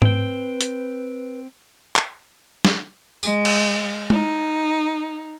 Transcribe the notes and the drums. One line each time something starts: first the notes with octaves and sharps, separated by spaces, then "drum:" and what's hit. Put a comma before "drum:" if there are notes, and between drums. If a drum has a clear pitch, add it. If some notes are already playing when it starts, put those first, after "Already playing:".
C4 B4 G5, drum: tom G#2
drum: hi-hat
drum: clap
drum: snare
G#3, drum: tambourine
drum: cymbal
D#4, drum: tom G#3